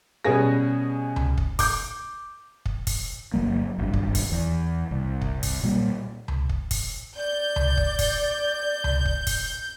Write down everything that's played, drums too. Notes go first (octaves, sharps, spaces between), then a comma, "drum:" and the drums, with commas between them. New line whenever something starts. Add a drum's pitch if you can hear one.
B2 G3 B3 C#4 G#4 A#6
drum: tom C#2
drum: kick
D6 G6, drum: kick, open hi-hat
drum: kick
drum: kick, open hi-hat
G1 F2 F#3 A#3
D#1 G#1 G2
drum: kick
drum: kick, open hi-hat
E2
C2
drum: kick
drum: kick, open hi-hat
A#2 G3 A#3
drum: tom C#2
drum: kick
drum: kick, open hi-hat
D5 G6
drum: tom C#2
drum: kick
drum: kick, open hi-hat
drum: tom C#2
drum: kick
drum: kick, open hi-hat